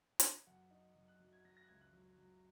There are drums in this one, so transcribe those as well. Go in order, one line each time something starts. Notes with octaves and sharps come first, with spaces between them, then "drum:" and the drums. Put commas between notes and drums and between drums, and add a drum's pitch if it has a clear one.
A#5, drum: hi-hat
G#5
F#2 F#5
D#4
F#2
F#6
F#3
G#6
F#3 A#6
A#6
F#6
C#2 G#6
F#6
F#3
F#3